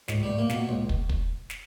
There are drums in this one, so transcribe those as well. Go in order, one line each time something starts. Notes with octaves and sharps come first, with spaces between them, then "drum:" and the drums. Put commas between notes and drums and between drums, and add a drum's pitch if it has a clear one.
C#2 G#2, drum: snare
G3
A2
A#3
A#2, drum: snare
B2
C#2 A#2
drum: kick
drum: kick
drum: snare